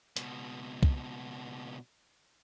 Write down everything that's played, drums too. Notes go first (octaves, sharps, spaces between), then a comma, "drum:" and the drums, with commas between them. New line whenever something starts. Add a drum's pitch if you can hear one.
C#2 B2, drum: hi-hat
drum: kick C2